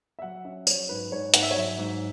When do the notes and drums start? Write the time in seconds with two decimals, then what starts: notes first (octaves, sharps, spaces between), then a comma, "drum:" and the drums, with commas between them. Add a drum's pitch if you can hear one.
0.19 E5
0.22 F#3 F#5
0.45 C#4 E5
0.67 F#3 C#5, drum: tambourine
0.89 G#2 B4
1.12 G#2 C#5
1.34 G#2 F#5, drum: hi-hat
1.42 E5
1.51 C#5
1.56 F#3 E5
1.78 G#2